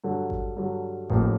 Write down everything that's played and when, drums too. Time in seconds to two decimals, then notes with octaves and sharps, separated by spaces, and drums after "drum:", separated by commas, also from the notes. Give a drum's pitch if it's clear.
0.04 G2 D3 F#3
0.30 drum: kick G#1
0.57 G2 D3 F#3
1.10 A1 A2 F3 A#3, drum: kick G#1